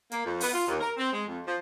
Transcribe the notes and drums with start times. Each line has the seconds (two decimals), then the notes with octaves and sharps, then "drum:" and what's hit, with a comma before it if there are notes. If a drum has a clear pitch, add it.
0.12 A#3, drum: hi-hat
0.24 F2
0.40 B3, drum: open hi-hat
0.53 F4
0.66 D#2
0.81 A#4
0.97 C4
1.12 G#3
1.26 F2
1.46 F3